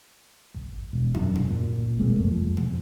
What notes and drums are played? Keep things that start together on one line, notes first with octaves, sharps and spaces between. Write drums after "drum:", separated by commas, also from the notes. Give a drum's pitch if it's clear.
drum: kick G#1
E1
F#2, drum: tom
drum: tom A#2
A#2
drum: kick G#1
E1 G#3 A#3 C4
F2 A3
F3
drum: tom A#2